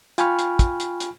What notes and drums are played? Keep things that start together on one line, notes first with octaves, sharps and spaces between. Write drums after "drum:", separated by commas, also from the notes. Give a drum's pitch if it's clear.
F4 G5 G#5 B5 C#6 F6, drum: hi-hat
drum: hi-hat
drum: kick, hi-hat
drum: hi-hat
drum: hi-hat